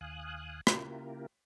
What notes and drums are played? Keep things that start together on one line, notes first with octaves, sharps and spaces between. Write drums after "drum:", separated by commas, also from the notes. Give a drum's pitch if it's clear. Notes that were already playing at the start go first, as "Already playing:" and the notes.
D#2 F5 G#5 D#6 F#6
C#3 A#3 E4 F4 G4 A#4, drum: rim click